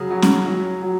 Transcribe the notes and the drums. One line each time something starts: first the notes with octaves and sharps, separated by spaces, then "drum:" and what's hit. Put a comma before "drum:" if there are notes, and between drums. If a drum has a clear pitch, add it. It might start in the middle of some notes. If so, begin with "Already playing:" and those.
Already playing: C#3 F#3 G#4
F#3
drum: snare
F#3
F#3